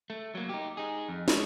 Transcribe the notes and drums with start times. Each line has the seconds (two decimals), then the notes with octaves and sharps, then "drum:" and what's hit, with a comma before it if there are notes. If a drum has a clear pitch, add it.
0.10 A3
0.35 F#3 A#3
0.49 D#4 G4
0.77 D#4 G#4
1.09 F2
1.28 G#3 C#5, drum: snare